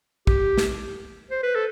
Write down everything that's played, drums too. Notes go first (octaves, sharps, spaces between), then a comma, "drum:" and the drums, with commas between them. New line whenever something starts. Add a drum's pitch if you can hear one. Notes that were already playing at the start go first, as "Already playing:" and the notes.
G4, drum: kick
drum: snare
C5
B4
A4